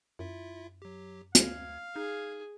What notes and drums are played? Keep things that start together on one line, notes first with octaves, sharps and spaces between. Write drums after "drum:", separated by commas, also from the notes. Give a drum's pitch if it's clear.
F#2 E4 F4 E5
F#3 G4
D2 F5 G#6, drum: hi-hat
D#4 G#4 G#6